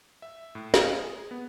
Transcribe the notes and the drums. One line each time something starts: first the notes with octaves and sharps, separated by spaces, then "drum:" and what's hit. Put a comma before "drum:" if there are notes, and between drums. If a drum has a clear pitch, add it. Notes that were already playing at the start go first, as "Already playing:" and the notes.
E5
A2
F5, drum: snare
G#4
B3